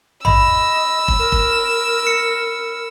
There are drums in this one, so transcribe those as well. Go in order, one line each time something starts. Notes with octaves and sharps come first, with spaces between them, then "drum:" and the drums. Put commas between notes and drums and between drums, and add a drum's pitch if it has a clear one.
D#5 B5 E6, drum: tom A1
drum: kick F1
A#4
drum: kick F1
C#7